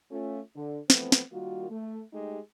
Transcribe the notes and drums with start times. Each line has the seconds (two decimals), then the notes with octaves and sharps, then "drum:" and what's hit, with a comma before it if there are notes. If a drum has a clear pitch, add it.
0.11 A3 C#4 F4
0.55 D3
0.90 E3 F3 A3 B3 C4, drum: snare
1.12 drum: snare
1.32 D#3 G3 A#3 F4 F#4
1.70 A3
2.13 G#3 A3 D#4 G4